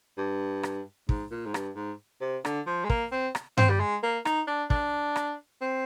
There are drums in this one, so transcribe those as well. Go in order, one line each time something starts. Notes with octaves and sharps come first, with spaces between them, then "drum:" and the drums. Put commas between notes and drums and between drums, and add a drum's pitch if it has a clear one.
G2
drum: rim click
G#2, drum: kick
A#2
G#2
G2, drum: rim click
G#2
C3
D3, drum: rim click
F3
G#3
A#3, drum: kick
C4
drum: rim click
C4, drum: tom G2
G3
G#3
A#3
D#4, drum: rim click
D4
D4, drum: kick
drum: rim click
C4